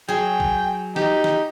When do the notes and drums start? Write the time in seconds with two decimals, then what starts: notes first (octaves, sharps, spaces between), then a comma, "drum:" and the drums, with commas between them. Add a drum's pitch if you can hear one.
0.08 F#3 G#4 G5
0.40 drum: kick
0.96 D#4 G4, drum: snare
1.24 drum: snare